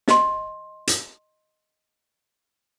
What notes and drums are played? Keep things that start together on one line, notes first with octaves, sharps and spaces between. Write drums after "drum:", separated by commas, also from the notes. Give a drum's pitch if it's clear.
D#5 C6, drum: snare
drum: hi-hat